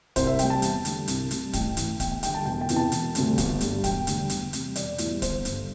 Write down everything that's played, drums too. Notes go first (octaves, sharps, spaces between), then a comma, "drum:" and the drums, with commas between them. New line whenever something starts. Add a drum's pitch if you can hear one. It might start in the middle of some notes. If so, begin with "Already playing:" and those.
C2 C5, drum: kick, hi-hat
E5
C3 G3 G5, drum: hi-hat
A5
E2, drum: hi-hat
D3 G3, drum: hi-hat
C2, drum: hi-hat
C3 G3, drum: hi-hat
A1 G5, drum: kick, hi-hat
A2 E3, drum: hi-hat
E2 G5, drum: kick, hi-hat
G5
D3 G3 G5, drum: hi-hat
A5
E1 G5
G5
E2 C3 E3, drum: hi-hat
A5
E1, drum: hi-hat
D2 C3 G3, drum: hi-hat
G1, drum: kick, hi-hat
G2 G3, drum: hi-hat
E1 G5, drum: kick, hi-hat
D2 D3 G3, drum: hi-hat
E2, drum: hi-hat
C3 G3, drum: hi-hat
E1 D5, drum: hi-hat
E2 E3 G3, drum: hi-hat
G1 C5, drum: kick, hi-hat
G2 D3, drum: hi-hat